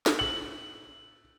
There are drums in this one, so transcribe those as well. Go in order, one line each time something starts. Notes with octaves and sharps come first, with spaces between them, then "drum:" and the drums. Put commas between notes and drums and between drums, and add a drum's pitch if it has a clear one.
drum: snare
F#7